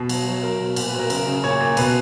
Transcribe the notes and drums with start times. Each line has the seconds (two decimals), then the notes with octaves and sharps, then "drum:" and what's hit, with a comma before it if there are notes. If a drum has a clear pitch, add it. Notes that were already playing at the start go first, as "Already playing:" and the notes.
Already playing: B2
0.09 F#3, drum: cymbal
0.27 F#3
0.43 F#3 A#4
0.60 B2
0.76 A#2, drum: cymbal
0.88 B4
0.93 F#3
0.99 A#4
1.10 C#3 A#4, drum: cymbal
1.27 C#3
1.44 A#2 C#5
1.60 A#2
1.77 B2 B4, drum: cymbal